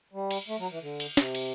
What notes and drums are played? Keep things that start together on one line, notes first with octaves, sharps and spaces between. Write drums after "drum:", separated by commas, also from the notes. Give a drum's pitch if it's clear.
G3
drum: cymbal
A3
F#3
E3
D3
drum: cymbal
C3, drum: snare
drum: cymbal